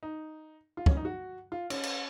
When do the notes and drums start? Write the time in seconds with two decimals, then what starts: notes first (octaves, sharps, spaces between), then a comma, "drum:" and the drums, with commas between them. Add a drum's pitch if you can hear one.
0.03 D#4
0.77 F4
0.86 C#4, drum: kick
0.97 D#4
1.05 F#4
1.52 F4
1.70 C#4, drum: cymbal
1.83 drum: cymbal